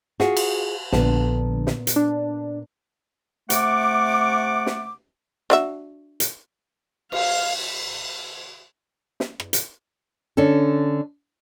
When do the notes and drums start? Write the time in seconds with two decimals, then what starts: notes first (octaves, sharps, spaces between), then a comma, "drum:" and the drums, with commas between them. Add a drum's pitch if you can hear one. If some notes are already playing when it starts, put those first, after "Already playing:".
0.20 F4 F#4 G#4, drum: snare
0.37 drum: cymbal
0.92 A#1 A#2 D3 B3 A5, drum: snare
1.67 drum: snare
1.87 drum: hi-hat
1.96 D4
3.50 C3 A3 F#5 D6, drum: hi-hat
4.66 drum: snare
5.50 D4 F#4 E5, drum: snare
6.20 drum: hi-hat
7.12 F5, drum: cymbal
9.20 drum: snare
9.40 drum: rim click
9.53 drum: hi-hat
10.37 D3 C#4 D4 A4